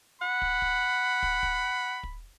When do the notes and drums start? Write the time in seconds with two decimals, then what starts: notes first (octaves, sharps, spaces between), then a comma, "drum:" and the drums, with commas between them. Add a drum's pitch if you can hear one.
0.21 F#5 B5
0.42 drum: kick
0.62 drum: kick
1.22 drum: kick
1.43 drum: kick
2.03 drum: kick